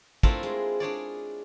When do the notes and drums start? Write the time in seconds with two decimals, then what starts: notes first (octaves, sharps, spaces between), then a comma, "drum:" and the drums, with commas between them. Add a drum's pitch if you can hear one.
0.23 A3 C4 D4 E4 F4 A#4, drum: kick
0.43 G#3
0.80 D4 G#4 C#5 D5